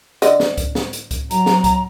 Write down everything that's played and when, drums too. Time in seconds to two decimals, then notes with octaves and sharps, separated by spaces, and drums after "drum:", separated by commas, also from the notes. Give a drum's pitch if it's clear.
0.22 D3 D#5, drum: hi-hat
0.40 drum: snare
0.58 drum: kick C#2, hi-hat
0.75 drum: snare
0.93 drum: hi-hat
1.11 drum: kick C#2, hi-hat
1.31 F#3 A#5, drum: hi-hat
1.46 drum: snare
1.64 drum: kick C#2, hi-hat